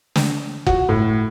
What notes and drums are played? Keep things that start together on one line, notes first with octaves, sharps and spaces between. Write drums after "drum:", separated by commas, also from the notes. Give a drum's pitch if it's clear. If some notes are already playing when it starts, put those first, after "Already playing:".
drum: snare
F#4, drum: kick F#1
A2